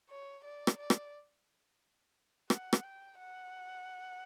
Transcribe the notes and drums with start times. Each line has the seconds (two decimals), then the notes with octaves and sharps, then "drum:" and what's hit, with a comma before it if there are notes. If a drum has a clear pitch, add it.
0.10 C#5
0.44 D5
0.67 drum: rim click
0.79 D5
0.90 drum: rim click
2.50 F#5, drum: rim click
2.73 drum: rim click
2.83 G5
3.19 F#5